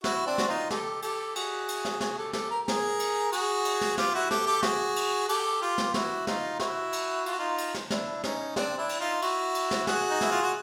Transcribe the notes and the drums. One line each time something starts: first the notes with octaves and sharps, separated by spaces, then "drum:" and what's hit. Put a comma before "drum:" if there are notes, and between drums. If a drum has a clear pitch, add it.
E4 F#4, drum: snare
C4 D4
F#4, drum: snare
D#4 F4
G4 A4, drum: snare
G4 A4, drum: cymbal
F#4 G#4, drum: cymbal
drum: cymbal
drum: snare
F#4 G#4, drum: snare
G4 A4
G4 A4, drum: snare
A#4
G#4 A#4, drum: snare
drum: cymbal
F#4 G#4, drum: cymbal
drum: cymbal
drum: snare
F4 G4, drum: snare
E4 F#4
G4 A4, drum: snare
G4 A4
F#4 G#4, drum: snare
drum: cymbal
G4 A4, drum: cymbal
F4 G4
drum: snare
E4 F#4, drum: snare
D#4 F4, drum: snare
E4 F#4, drum: snare
drum: cymbal
F4, drum: cymbal
F#4
D#4 F4
drum: cymbal
drum: snare
D4 E4, drum: snare
C#4 D#4, drum: snare
C4 D4, drum: snare
D4 E4
drum: cymbal
D#4 F4
E4 F#4, drum: cymbal
drum: cymbal
drum: snare
F#4 G#4, drum: snare
D#4
E4, drum: snare
F4
F#4